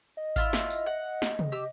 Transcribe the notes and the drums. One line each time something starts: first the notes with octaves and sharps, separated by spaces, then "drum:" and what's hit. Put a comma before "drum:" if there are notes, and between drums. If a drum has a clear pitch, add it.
D#5
E4 F4 F5, drum: kick G#1, tambourine
drum: snare
drum: tambourine
F#5
drum: snare
drum: tom
G4 E6